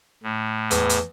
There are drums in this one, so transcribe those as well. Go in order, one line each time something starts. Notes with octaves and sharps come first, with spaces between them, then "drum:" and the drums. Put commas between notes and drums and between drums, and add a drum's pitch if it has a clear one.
A2
E2, drum: hi-hat
drum: hi-hat